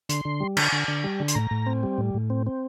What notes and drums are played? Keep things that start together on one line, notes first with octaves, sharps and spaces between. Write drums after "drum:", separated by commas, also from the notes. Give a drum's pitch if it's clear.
D3 C6, drum: hi-hat
D3
G3
D3, drum: cymbal
D3
D3
G3
D3
C6, drum: hi-hat
A2 A#5
A2
C4
G3
A2
A2
C4
C4